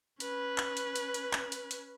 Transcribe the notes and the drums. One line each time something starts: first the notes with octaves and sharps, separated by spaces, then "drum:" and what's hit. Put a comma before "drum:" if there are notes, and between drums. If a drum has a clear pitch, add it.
C#4 B4, drum: hi-hat
drum: clap
drum: hi-hat
drum: hi-hat
drum: hi-hat
drum: clap
drum: hi-hat
drum: hi-hat